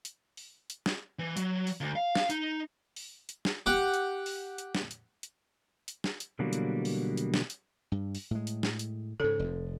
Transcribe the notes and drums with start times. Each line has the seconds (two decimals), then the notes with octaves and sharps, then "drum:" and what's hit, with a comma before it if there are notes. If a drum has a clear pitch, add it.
0.05 drum: hi-hat
0.37 drum: open hi-hat
0.70 drum: hi-hat
0.86 drum: snare
1.19 E3
1.37 F#3, drum: hi-hat
1.67 drum: open hi-hat
1.81 D2
1.96 F5
2.15 drum: snare
2.30 D#4, drum: hi-hat
2.96 drum: open hi-hat
3.29 drum: hi-hat
3.45 drum: snare
3.66 G4 F#5
3.94 drum: hi-hat
4.26 drum: open hi-hat
4.58 drum: hi-hat
4.75 drum: snare
4.91 drum: hi-hat
5.23 drum: hi-hat
5.88 drum: hi-hat
6.04 drum: snare
6.20 drum: hi-hat
6.39 B2 D3 E3 F#3 G3 A#3
6.53 drum: hi-hat
6.85 drum: open hi-hat
7.17 drum: hi-hat
7.34 drum: snare
7.50 drum: hi-hat
7.92 G2
8.15 drum: open hi-hat
8.31 A2 G#3
8.47 drum: hi-hat
8.63 drum: snare
8.79 drum: hi-hat
9.20 G#2 C#3 A4
9.39 F1 F2